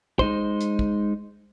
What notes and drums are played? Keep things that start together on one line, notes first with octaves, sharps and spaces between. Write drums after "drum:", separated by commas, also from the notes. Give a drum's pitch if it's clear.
G#3 D#4 C5, drum: kick
drum: hi-hat
drum: kick